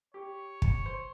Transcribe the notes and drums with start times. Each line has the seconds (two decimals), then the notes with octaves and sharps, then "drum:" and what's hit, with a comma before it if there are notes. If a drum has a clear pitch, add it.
0.14 G4 C#5
0.62 drum: kick
0.86 C5